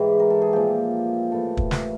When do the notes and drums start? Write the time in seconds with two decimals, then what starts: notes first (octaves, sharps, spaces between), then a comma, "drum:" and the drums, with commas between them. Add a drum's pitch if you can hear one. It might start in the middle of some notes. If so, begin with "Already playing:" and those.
Already playing: G#2 E3 G4
0.19 A#4
0.30 A4
0.41 G#4
0.53 A#2 F3 G4
1.32 A2 E3 A4
1.57 drum: kick
1.71 A#4, drum: snare